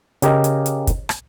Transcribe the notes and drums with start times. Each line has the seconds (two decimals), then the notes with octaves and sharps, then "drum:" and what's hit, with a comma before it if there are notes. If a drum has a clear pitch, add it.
0.22 C#3 G4 A#4 D#5, drum: hi-hat
0.44 drum: hi-hat
0.66 drum: hi-hat
0.87 drum: kick, hi-hat
1.09 drum: rim click